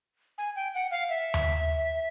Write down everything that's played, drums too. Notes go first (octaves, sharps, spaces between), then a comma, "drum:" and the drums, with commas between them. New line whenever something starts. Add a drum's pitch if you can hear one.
G#5
G5
F#5
F5
E5
drum: tom D#2